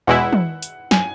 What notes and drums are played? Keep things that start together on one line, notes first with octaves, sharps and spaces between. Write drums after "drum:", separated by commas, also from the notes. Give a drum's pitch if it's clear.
E2 B2 G#3 E4 F#5
drum: tom
drum: hi-hat
G#5, drum: snare